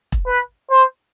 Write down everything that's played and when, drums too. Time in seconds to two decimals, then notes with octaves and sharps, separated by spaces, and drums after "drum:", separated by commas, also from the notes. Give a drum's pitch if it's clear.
0.12 drum: kick E1
0.26 B4
0.70 C5